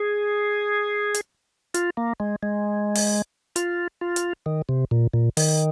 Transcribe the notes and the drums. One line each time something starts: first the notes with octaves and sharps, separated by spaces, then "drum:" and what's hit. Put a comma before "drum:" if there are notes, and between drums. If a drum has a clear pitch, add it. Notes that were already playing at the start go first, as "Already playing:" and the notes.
Already playing: G#4
drum: hi-hat
F4, drum: hi-hat
A#3
G#3
G#3
drum: open hi-hat
F4, drum: hi-hat
F4
drum: hi-hat
D#3
C3
A#2
A#2
D#3, drum: open hi-hat